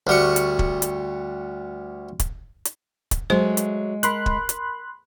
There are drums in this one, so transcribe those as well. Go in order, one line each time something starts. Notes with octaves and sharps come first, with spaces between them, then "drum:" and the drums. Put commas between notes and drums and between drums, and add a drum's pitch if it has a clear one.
D2 G3 C#6
drum: hi-hat
drum: kick
drum: hi-hat
drum: kick, hi-hat
drum: hi-hat
drum: kick, hi-hat
F#3 G#3 A3 C5
drum: hi-hat
A#4 B5 C6 F#6, drum: hi-hat
drum: kick
drum: hi-hat